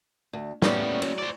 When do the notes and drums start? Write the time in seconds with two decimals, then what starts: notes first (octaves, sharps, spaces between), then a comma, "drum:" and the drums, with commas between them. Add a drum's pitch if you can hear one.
0.33 D2
0.62 A2 G3 A#3 B3 C#4, drum: snare
1.02 F#3, drum: cymbal
1.18 C5 D5